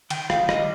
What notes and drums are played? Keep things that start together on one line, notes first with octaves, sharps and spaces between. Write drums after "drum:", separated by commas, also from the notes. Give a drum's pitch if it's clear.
D#3 G5, drum: cymbal
F5, drum: rim click
G3 D#5, drum: rim click